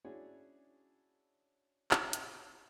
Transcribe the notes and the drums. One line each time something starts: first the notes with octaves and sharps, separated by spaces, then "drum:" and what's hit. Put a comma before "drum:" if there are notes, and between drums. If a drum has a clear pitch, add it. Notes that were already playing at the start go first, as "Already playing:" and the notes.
C#4 D4 E4 F#4 G#4 C#5
drum: clap
drum: hi-hat